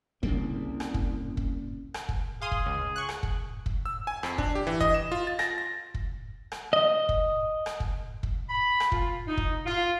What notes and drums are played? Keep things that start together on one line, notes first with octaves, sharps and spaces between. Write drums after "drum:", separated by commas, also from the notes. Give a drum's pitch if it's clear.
C2 C#3 G3 A#3, drum: kick
drum: rim click
drum: kick
drum: kick
drum: rim click
drum: kick
G#4 F5 C6 D#6
drum: kick
C#2
C#6 F#6
drum: rim click
drum: kick
drum: kick
E6
G#5
F2, drum: rim click
D4, drum: kick
G4
E3
D#5, drum: kick
E7
F4
A6
A#6, drum: rim click
A#6
drum: kick
drum: rim click
D#5
drum: kick
drum: rim click
drum: kick
drum: kick
B5
drum: rim click
F4, drum: kick
D#4
drum: kick
F4